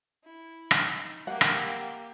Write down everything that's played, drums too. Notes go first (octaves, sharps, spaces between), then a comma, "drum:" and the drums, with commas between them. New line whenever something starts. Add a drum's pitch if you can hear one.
E4
drum: rim click
D#4
A#3 G4 F#5
drum: rim click